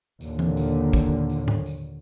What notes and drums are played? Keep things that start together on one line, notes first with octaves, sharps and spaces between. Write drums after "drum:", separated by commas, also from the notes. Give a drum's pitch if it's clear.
D#2 A#2 D3, drum: tambourine
drum: tom E3
drum: tambourine
drum: kick, tambourine
drum: tambourine
drum: tom G#2
drum: tambourine